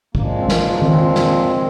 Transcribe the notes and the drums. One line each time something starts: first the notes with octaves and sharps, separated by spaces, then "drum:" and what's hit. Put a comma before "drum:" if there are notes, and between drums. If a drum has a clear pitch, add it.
A#2 F3 G#3 A#3, drum: kick A1
C4
drum: snare
D#4
C4, drum: tom D#3
drum: snare
D#3 G#3